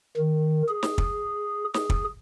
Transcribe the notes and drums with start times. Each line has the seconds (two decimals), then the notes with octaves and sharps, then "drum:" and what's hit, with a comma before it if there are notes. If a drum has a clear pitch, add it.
0.17 D#3
0.68 G#4
0.83 drum: snare
0.98 drum: kick
1.74 G#4, drum: snare
1.90 drum: kick